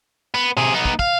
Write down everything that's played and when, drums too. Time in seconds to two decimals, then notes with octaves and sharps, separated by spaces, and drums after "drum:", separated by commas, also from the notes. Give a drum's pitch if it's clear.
0.35 B3
0.57 C3 G#4, drum: tom B2
0.74 B3 D#4
0.85 drum: kick
0.99 F5, drum: kick